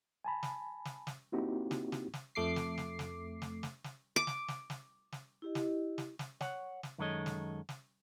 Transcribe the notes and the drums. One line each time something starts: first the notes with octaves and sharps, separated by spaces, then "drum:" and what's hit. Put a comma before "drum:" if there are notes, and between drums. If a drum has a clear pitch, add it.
G#5 A5 B5
drum: snare
drum: snare
drum: snare
A#3 C4 D#4 E4 F#4 G4
drum: snare
drum: snare
drum: snare
F2 A3 D6 C7
drum: snare
drum: snare
drum: snare
drum: snare
drum: snare
drum: snare
D6
drum: snare
drum: snare
drum: snare
drum: snare
E4 G4 D#5
drum: snare
drum: snare
drum: snare
C#5 F#5, drum: snare
drum: snare
F#2 D#3 G#3 A4 C#5 D#5
drum: snare
drum: snare